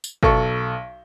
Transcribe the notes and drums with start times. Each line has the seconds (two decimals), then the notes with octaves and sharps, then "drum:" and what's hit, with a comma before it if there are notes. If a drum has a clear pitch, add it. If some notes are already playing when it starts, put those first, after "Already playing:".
0.04 drum: tambourine
0.23 B1 A4 C#6, drum: kick